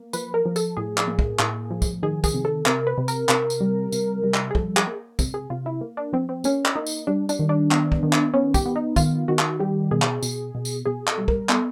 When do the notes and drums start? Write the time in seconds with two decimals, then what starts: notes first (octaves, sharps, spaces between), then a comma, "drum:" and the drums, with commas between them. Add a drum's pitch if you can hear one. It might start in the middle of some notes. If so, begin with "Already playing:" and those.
Already playing: A#3
0.13 F3 B4, drum: tambourine
0.34 A#4
0.45 F3
0.56 A4, drum: tambourine
0.77 A2 G#4
0.98 drum: clap
1.08 A#3
1.19 drum: kick
1.39 A2, drum: clap
1.71 F3
1.82 drum: kick, tambourine
2.03 D#3 G#4
2.24 G#4, drum: kick, tambourine
2.34 C3
2.45 A4
2.66 C3 A#4, drum: clap
2.87 B4
2.98 C3
3.08 A#4, drum: tambourine
3.29 C3, drum: clap
3.50 drum: tambourine
3.61 G3
3.92 C3, drum: tambourine
4.24 G3
4.34 drum: clap
4.51 G#4
4.55 F3 A4, drum: kick
4.77 G#4, drum: clap
4.87 A#3
5.19 C3, drum: kick, tambourine
5.34 G#4
5.50 C3 F4
5.66 E4
5.81 A#3
5.97 D4
6.13 F3 C4
6.29 C4
6.44 A#3 C#4, drum: tambourine
6.66 drum: clap
6.75 A#3 D#4
6.87 drum: tambourine
7.07 G3 D4
7.29 D4, drum: tambourine
7.39 D#3
7.49 D4
7.71 B3, drum: clap
7.92 drum: kick
8.03 D#3
8.13 drum: clap
8.34 B3 C#4
8.54 G4, drum: kick, tambourine
8.66 B3
8.76 D#4
8.96 D#3 F4, drum: kick, tambourine
9.28 D#3 F#4
9.39 drum: clap
9.59 G3 G4
9.91 B2 G#4
10.02 drum: clap
10.23 B2, drum: tambourine
10.55 B2
10.65 drum: tambourine
10.86 B2 G#4
11.07 A4, drum: clap
11.18 G3
11.28 A#4, drum: kick
11.49 B3 A4, drum: clap